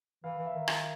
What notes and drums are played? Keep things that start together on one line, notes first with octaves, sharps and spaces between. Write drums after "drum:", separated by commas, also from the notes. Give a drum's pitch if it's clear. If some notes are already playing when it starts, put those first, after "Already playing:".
E3 F5
E3
E5
D#3
drum: rim click